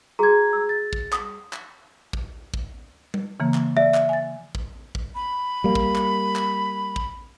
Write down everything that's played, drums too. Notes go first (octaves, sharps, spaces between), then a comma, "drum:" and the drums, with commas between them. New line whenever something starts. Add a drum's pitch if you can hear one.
F#4 G#4 A#5 G#6
E6
A6
drum: kick
D#6, drum: clap
drum: clap
drum: kick
drum: kick
drum: tom G3
C#3 E3 A#3
drum: clap
D5 E5
drum: clap
G#5 A6
drum: kick
drum: kick
B5
G3 A#3
drum: kick
drum: clap
drum: clap
drum: kick